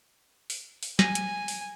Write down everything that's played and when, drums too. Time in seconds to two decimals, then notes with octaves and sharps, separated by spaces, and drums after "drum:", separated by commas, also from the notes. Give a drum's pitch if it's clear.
0.50 drum: open hi-hat
0.83 drum: open hi-hat
0.99 G#5 A#6 D#7, drum: snare
1.15 drum: hi-hat
1.48 drum: open hi-hat